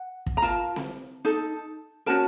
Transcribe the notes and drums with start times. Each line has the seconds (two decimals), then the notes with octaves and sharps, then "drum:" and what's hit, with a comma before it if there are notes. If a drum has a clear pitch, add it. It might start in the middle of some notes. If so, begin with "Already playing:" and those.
Already playing: F#5
0.26 drum: kick
0.37 A#5
0.42 F4 A#4 A5
0.76 drum: snare C4
1.25 D#4 A4
2.06 C#4 F#4 A#4 A5